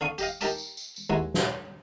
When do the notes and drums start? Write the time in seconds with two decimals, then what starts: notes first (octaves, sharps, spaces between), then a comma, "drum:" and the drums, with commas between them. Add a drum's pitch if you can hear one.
0.01 D3 D5 F5 C#6 D#6
0.18 G4 D#5 F5, drum: tambourine
0.41 D#4 G4 A#4 D#5 A5 D6, drum: tambourine
0.58 drum: tambourine
0.77 drum: tambourine
0.96 drum: tambourine
1.10 D#2 G#3 E4 C#5 F#5
1.34 drum: snare